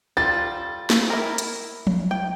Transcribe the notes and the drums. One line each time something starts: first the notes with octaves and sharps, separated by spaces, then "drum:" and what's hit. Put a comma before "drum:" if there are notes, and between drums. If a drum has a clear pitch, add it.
G3 F4 A4 A6
drum: snare
E4 A#4
drum: hi-hat
drum: tom F3
G5